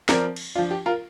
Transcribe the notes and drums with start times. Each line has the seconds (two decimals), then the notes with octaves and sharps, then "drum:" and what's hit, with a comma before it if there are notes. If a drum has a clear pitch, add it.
0.09 F3 C4 A#4 D5, drum: snare
0.36 drum: cymbal
0.55 F3 D4 F4
0.71 G4
0.86 F4 A#4